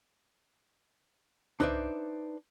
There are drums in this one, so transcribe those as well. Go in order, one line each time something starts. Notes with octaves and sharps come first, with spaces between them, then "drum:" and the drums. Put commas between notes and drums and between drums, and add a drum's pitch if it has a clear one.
D4 D#4 B4 C5 D5 E5, drum: tom C2